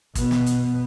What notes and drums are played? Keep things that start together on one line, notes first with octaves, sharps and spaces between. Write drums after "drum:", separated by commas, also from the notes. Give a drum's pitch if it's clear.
B2 B3, drum: kick, hi-hat
drum: snare
drum: hi-hat